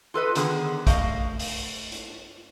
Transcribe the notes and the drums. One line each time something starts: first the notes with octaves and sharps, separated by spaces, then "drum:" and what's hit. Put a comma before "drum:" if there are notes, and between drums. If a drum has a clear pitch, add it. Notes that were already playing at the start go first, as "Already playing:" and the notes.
F4 A4 B4 D#5
D3 D#3 B3 G#4, drum: hi-hat
A3 D#5 F5, drum: kick, hi-hat
drum: open hi-hat
drum: hi-hat